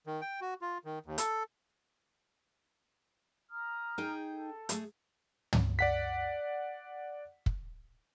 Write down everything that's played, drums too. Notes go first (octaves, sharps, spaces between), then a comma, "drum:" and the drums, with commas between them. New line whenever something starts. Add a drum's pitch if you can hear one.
D#3
G5
F#4
F4
D#3
D#2
A4, drum: hi-hat
A#5 D#6 F6
D#4 G#4 G5
A4
A3 G#4, drum: hi-hat
drum: tom
D5 F#5 B6
drum: kick